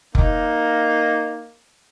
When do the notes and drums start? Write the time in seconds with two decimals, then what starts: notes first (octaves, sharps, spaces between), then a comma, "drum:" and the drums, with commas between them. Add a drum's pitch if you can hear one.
0.15 A#3 D#4, drum: kick F1